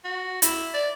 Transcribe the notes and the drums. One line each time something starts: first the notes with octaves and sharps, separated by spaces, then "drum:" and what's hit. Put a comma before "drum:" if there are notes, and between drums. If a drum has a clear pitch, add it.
F#4
E4, drum: hi-hat
D5